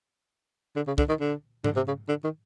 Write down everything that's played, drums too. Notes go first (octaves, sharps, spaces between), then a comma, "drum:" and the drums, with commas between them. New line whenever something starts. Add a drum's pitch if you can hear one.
D3
C#3
D3, drum: kick
D#3
D3
D3, drum: tom G#2
C3
C#3
D3
D#3